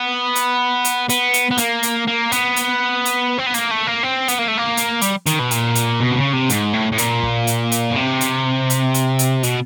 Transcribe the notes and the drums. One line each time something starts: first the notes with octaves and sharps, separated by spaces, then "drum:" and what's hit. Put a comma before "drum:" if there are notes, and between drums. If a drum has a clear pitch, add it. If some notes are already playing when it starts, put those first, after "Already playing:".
Already playing: B3
drum: hi-hat
drum: hi-hat
B3, drum: hi-hat
drum: hi-hat
B3
A#3, drum: hi-hat
drum: hi-hat
A#3
B3, drum: hi-hat
drum: hi-hat
drum: hi-hat
C4
B3
A#3, drum: hi-hat
A3
A#3
C4
B3, drum: hi-hat
A#3
A3
A#3
drum: hi-hat
G3, drum: hi-hat
D#3, drum: hi-hat
B2
A#2, drum: hi-hat
drum: hi-hat
B2
C3
C#3
C3
G#2, drum: hi-hat
A2
A2
A#2, drum: hi-hat
drum: kick
drum: hi-hat
drum: hi-hat
B2
C3
drum: hi-hat
drum: hi-hat
drum: hi-hat
drum: hi-hat
B2, drum: hi-hat